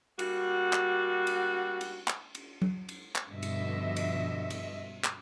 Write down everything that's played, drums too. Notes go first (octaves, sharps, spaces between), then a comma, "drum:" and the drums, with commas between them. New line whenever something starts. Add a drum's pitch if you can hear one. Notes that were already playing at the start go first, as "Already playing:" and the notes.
G3 A#3 F#4, drum: cymbal
drum: clap
drum: cymbal
drum: cymbal
drum: clap
drum: cymbal
drum: tom F#3
drum: cymbal
drum: clap
G2 B2 D3 F3 D#5 E5
drum: cymbal
drum: cymbal
drum: cymbal
drum: clap